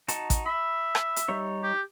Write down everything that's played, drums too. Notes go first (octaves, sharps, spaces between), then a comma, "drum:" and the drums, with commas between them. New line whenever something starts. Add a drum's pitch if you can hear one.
D#4 F#4 A5, drum: hi-hat
drum: kick A1, hi-hat
E5 B5
drum: rim click
drum: hi-hat
G3 D#4 C#5
G4